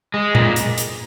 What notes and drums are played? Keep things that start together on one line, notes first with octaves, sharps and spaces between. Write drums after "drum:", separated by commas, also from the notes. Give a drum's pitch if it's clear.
G#3
A#2, drum: tom A#2
drum: hi-hat
drum: hi-hat